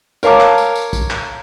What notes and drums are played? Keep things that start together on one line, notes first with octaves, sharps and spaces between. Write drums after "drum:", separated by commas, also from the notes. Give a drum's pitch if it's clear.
A#4 C#5 F5 A5 D6, drum: tambourine
drum: clap
drum: tambourine
drum: tambourine
drum: kick, tambourine
drum: clap